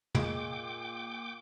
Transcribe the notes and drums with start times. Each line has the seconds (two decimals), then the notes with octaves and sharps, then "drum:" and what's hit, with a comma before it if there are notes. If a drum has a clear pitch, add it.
0.15 A#2 G#4 D#5 G5 D6, drum: tom